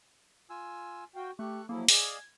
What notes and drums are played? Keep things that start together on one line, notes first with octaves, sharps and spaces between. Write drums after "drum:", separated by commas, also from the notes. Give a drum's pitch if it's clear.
F4 G#5 E6
F#4 F5 G5
A3 G4 A4 C#6 F#6
F3 F#3 A#3 E4 G#4 A4
G#4 D5 D#5 F5 G#5 G#6, drum: open hi-hat